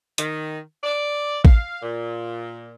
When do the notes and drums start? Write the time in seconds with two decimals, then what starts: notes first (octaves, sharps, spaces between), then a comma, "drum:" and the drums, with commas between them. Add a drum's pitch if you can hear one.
0.18 D#3, drum: hi-hat
0.84 D5
1.45 F5, drum: kick A1
1.82 A#2